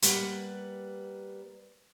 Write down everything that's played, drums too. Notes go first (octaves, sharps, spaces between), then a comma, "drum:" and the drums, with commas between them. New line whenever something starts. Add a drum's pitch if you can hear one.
G3 A#3 B4 F#5, drum: hi-hat